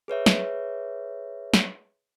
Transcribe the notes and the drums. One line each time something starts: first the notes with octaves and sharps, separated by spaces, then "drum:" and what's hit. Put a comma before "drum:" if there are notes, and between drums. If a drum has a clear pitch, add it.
G#4 B4 C#5 E5
drum: snare
drum: snare